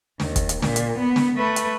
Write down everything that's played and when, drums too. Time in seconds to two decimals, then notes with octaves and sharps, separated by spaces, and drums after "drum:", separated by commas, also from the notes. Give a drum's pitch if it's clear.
0.20 D#2, drum: snare
0.36 drum: kick, hi-hat
0.49 drum: hi-hat
0.62 A#2, drum: snare
0.76 drum: hi-hat
0.98 B3
1.16 drum: snare
1.37 A3 B4
1.56 drum: hi-hat